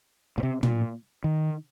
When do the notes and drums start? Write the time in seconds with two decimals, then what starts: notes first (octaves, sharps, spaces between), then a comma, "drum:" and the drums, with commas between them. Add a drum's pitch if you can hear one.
0.38 A#2
0.43 C3
0.63 A#2, drum: tom
1.24 D#3